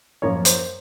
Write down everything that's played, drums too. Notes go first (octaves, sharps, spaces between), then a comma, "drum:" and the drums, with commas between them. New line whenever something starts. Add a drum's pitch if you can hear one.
F#2 F3 A#3 C#4 C#5
C5, drum: hi-hat